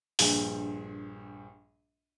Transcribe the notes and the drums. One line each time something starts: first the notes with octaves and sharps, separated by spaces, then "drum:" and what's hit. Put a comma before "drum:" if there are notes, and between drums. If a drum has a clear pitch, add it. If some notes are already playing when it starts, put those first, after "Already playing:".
A#1 G2 G#4, drum: open hi-hat